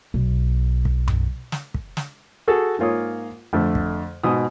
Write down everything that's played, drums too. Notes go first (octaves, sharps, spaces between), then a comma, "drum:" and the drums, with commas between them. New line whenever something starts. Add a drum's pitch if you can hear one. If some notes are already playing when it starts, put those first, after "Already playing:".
B1
drum: kick
drum: tom F#2
drum: snare
drum: kick
drum: snare
F#4 G#4 A4
G#2 A#3 F4 C#5 D#6
F2 D3 A3
drum: kick
G#2 B2 D#6